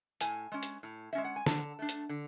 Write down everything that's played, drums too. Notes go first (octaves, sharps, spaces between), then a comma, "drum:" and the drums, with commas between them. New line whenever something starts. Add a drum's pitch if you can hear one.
A2 G#5, drum: hi-hat
G#3 C#4
drum: hi-hat
A2
G#3 C#4 E5
F#5
G#5
D3 A5, drum: snare
A3 D4
drum: hi-hat
D3